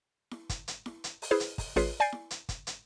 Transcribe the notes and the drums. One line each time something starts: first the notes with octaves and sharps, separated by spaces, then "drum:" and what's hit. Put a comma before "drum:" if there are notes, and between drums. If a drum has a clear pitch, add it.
drum: snare E4
drum: kick, hi-hat
drum: hi-hat
drum: snare E4
drum: hi-hat
drum: open hi-hat
E4 G#4 B4 C5
drum: hi-hat
drum: kick, open hi-hat
A1 F4 G#4 B4 C#5 C7, drum: open hi-hat
D5 G#5 G6 A6 C7 D7
drum: snare E4
drum: hi-hat
drum: kick, hi-hat
drum: hi-hat